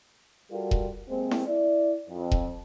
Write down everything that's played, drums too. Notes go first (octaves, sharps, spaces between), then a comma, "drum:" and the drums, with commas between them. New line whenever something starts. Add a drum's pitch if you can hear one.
G3 F4 F#4 A4 A#4
drum: kick E1
C3 G#3 A#3 C4
drum: snare E4
E4 D5
F2
drum: kick E1